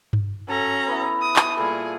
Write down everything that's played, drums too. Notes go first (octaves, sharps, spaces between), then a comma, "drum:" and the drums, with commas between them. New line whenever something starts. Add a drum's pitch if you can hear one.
drum: tom G2
F#3 C#4 A4 A#5
B3 E4
D#6
drum: clap
A#2 G3 G#4 A4